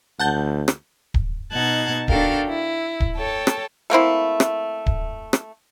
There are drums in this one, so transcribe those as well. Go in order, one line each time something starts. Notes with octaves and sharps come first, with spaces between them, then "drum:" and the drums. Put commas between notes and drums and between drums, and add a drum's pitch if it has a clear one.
D2 F#5 A5 G6
drum: rim click
drum: kick D1
B2 D#4 F#5 A5 F#6 G#6
D4 F#4 A4 A#4 F5 G5, drum: kick D1
E4
drum: kick D1
A4 C#5 G5 A5
drum: rim click
A3 A#3 C4 E4
drum: rim click
drum: kick D1
drum: rim click